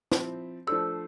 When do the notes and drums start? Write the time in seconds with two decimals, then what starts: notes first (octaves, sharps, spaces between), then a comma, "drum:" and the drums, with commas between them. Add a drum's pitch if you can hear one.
0.12 F3 C4 E4, drum: snare
0.67 F3 A3 D4 A4 C5 E6